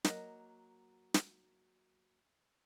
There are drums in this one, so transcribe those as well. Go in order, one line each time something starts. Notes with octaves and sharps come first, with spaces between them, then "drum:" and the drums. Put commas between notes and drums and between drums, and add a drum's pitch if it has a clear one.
F#3 A#3 D#5, drum: snare
drum: snare